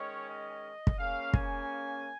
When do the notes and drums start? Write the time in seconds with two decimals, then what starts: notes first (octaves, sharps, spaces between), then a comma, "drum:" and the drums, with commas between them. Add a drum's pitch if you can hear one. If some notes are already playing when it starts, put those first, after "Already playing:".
Already playing: D#3 G#3 C#4 C#5
0.29 D#5
0.87 drum: kick
0.99 C#3 A#3 C#4 F5
1.34 G#5, drum: kick